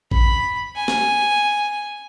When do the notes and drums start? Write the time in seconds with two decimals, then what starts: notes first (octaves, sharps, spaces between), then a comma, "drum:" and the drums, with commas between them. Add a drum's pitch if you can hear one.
0.11 B5, drum: kick
0.76 G#5
0.88 drum: snare